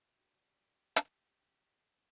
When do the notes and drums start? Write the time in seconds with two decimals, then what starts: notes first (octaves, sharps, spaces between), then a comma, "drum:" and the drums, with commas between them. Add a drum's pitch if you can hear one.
0.16 C#3 D4 F#4 G4
0.96 drum: hi-hat